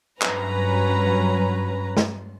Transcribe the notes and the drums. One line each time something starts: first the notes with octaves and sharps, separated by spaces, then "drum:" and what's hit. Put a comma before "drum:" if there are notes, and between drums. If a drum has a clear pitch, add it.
G2 F#3 C#4 B4 A#5, drum: clap
drum: snare